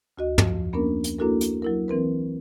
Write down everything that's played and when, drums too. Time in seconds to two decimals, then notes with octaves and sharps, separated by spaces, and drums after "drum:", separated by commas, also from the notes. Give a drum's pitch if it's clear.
0.18 D2 F#4 D#5
0.38 F2 F3, drum: tom
0.73 A#3 B3 C#4 D4 A#4
1.04 drum: hi-hat
1.19 A#3 D4 E4 F#4 A4 A#4
1.41 drum: hi-hat
1.62 F#3 E4 A#4
1.88 E3 C4 A#4 B4